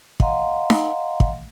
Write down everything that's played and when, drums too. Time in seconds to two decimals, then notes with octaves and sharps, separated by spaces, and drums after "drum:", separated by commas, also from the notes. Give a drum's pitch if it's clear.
0.20 D#5 F5 F#5 A#5 C6, drum: kick
0.70 drum: snare D#4
1.20 drum: kick